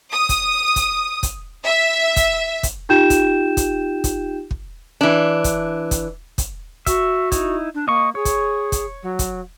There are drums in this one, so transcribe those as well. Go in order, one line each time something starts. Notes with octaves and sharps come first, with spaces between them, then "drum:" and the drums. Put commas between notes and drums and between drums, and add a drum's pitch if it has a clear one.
D#6
drum: kick, hi-hat
drum: kick, hi-hat
drum: kick, hi-hat
E5
drum: kick, hi-hat
drum: kick, hi-hat
D#4 F4 G4 G5 G6 E7
drum: kick, hi-hat
drum: kick, hi-hat
drum: kick, hi-hat
drum: kick
E3 D4
drum: kick, hi-hat
drum: kick, hi-hat
drum: kick, hi-hat
F#4 E5, drum: kick, hi-hat
D#4 E4, drum: kick, hi-hat
D4
A#3 D#5 C#6
G#4 C#5
drum: kick, hi-hat
drum: kick, hi-hat
F#3
drum: kick, hi-hat